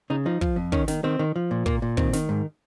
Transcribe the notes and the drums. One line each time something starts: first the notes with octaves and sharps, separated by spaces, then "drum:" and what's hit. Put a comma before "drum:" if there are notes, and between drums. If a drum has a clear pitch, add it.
C#3 D#4
F3 D#4
F3, drum: kick
F2
D#3 C#4, drum: kick
D#3, drum: snare
D#3 C4
D#3
F3
A#2
A#2 A#3, drum: kick
A#2
D#3 C4, drum: kick
D#3, drum: snare
G#2